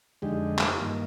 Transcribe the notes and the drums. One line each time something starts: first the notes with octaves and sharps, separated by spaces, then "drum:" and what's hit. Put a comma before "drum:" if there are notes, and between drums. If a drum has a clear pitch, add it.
F2 D3 G#3 D#4 G4
drum: clap
G2 D#3 A#3 F4